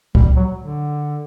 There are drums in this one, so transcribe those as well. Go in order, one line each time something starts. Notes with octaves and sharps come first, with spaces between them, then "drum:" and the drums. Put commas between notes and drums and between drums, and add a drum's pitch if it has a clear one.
G3, drum: kick
F#3
D3